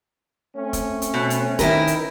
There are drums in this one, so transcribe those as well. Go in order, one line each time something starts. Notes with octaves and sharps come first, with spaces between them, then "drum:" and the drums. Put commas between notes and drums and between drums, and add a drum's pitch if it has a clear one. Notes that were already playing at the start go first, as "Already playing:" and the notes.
A3 C4 C#4
drum: kick, hi-hat
drum: hi-hat
B2
drum: hi-hat
D#3 E4 A#4 B4, drum: kick, hi-hat
drum: hi-hat